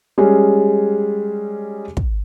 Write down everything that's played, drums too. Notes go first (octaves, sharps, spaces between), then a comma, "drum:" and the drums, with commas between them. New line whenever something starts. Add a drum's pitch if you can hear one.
G3 G#3 C#4 G#4
drum: kick